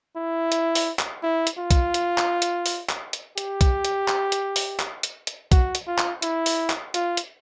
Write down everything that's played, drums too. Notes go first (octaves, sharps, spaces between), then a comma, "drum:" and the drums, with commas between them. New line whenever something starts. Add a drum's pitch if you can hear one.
E4
drum: hi-hat
drum: open hi-hat
drum: clap
E4
drum: hi-hat
F4
drum: kick, hi-hat
drum: hi-hat
drum: clap
drum: hi-hat
drum: open hi-hat
drum: clap
drum: hi-hat
G4, drum: hi-hat
drum: kick, hi-hat
drum: hi-hat
drum: clap
drum: hi-hat
drum: open hi-hat
drum: clap
drum: hi-hat
drum: hi-hat
F#4, drum: kick, hi-hat
drum: hi-hat
F4
drum: clap
E4, drum: hi-hat
drum: open hi-hat
drum: clap
F4, drum: hi-hat
drum: hi-hat